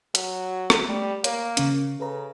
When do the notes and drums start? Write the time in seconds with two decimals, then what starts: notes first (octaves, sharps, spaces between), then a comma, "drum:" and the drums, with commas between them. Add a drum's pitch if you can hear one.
0.15 F#3, drum: hi-hat
0.70 drum: rim click
0.89 G3 A3
1.24 A#3 C#5, drum: hi-hat
1.57 C#3 C#4, drum: hi-hat
2.00 C#3 A4 B4 A#5